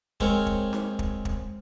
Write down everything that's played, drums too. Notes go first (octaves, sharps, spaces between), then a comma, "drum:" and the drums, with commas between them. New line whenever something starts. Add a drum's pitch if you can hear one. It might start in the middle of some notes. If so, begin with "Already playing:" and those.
G#3 C4 A#4 C#5, drum: kick
drum: kick
drum: snare D#4
drum: kick
drum: kick